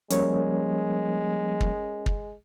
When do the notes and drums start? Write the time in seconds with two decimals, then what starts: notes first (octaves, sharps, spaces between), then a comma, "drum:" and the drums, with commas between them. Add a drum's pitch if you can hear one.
0.10 F3 G3 G#3 A#3 C#4 A#4 C#5, drum: hi-hat
1.61 drum: kick
2.06 drum: kick